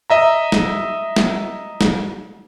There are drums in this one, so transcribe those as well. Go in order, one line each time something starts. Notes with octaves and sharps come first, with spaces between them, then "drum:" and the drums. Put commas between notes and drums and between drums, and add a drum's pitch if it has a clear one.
D#5 E5 A#5
drum: snare
drum: snare
drum: snare